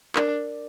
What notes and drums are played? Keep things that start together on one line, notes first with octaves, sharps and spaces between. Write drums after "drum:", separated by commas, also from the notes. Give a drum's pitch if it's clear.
D4 A#4, drum: clap